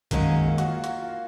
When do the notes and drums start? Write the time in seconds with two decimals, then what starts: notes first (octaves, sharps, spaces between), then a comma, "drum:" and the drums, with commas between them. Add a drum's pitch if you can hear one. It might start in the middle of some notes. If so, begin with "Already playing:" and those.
0.11 F#2 D#3 G#3 A#3 C#4, drum: kick, hi-hat
0.31 A#3
0.48 A#3
0.58 F#4, drum: hi-hat
0.67 F4
0.84 F#4, drum: hi-hat
1.02 F4